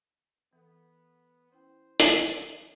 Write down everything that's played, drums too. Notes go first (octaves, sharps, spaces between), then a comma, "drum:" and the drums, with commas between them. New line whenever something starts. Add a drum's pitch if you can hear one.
E3 B3 A4
C#4 E4 C5 G5
E3 C#4, drum: hi-hat